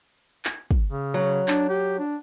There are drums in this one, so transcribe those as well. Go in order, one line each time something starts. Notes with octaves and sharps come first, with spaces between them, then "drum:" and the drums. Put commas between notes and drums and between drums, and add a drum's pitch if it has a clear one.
drum: clap
drum: kick
C#3
F#3
D4, drum: clap
G4
D4